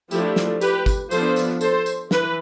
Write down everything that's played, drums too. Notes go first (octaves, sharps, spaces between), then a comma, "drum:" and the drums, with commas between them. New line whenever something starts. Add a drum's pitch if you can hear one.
F3 A3 D4 E4 G4, drum: tambourine
drum: snare
G4 B4, drum: tambourine
drum: kick, tambourine
F3 B3 D4 A4 C5, drum: tambourine
drum: tambourine
A4 C5, drum: tambourine
drum: tambourine
E3 B4, drum: snare